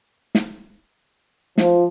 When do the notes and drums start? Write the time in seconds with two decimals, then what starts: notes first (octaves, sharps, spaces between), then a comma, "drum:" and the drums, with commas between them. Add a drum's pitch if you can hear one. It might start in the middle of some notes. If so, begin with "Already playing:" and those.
0.35 drum: snare
1.58 F3, drum: snare